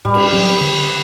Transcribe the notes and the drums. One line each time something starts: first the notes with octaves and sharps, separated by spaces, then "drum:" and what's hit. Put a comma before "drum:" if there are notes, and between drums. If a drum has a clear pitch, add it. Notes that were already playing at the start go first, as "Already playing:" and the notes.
A2 G3
drum: cymbal
F#3 C4
D3